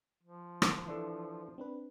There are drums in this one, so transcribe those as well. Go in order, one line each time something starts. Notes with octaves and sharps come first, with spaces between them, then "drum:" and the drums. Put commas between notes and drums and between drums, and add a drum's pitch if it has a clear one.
F3
drum: rim click
E3 D4 A4
C4 D4 B4